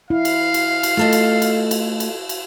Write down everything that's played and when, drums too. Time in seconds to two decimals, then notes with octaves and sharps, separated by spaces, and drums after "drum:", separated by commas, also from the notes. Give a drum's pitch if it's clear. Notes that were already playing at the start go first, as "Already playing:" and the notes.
0.10 E4 F5
0.25 drum: cymbal
0.54 drum: cymbal
0.83 drum: cymbal
0.97 A3 F4 A4 D#5
1.13 drum: cymbal
1.42 drum: cymbal
1.71 drum: cymbal
2.00 drum: cymbal
2.29 drum: cymbal